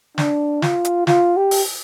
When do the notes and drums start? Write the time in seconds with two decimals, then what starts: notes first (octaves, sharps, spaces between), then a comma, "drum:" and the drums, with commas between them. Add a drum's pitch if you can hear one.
0.18 D4, drum: snare
0.62 F4, drum: snare
0.85 drum: hi-hat
1.07 F4, drum: snare
1.37 G4
1.51 drum: open hi-hat